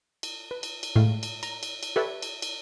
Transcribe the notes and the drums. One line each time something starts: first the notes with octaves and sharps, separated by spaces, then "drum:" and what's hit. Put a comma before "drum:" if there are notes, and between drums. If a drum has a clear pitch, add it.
drum: cymbal
B4
drum: cymbal
drum: cymbal
A2 G#3 A3 E4 F5
drum: cymbal
A#5, drum: cymbal
drum: cymbal
drum: cymbal
G4 A4 B4 C#5 D5 E5
drum: cymbal
drum: cymbal